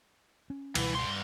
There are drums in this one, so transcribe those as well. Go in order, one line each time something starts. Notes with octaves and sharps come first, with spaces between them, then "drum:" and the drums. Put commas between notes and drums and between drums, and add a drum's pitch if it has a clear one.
C#4
C#2 B2 E3 G3, drum: cymbal
G2 C6